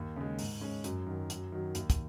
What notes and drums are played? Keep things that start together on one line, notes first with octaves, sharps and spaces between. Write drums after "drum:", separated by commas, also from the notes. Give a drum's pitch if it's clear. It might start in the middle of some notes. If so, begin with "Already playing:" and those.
Already playing: D#2
C#3 G#3
G#2, drum: open hi-hat
G#3 C#4
F#2, drum: hi-hat
D#3 F#3
F#2, drum: hi-hat
D#3 F#3
D#2, drum: hi-hat
drum: kick, hi-hat